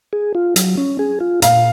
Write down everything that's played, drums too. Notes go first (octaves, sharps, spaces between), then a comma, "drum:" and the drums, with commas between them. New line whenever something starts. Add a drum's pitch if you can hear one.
G#4
F4
F#3, drum: hi-hat
C#4
G#4
F4
A#2 F5, drum: hi-hat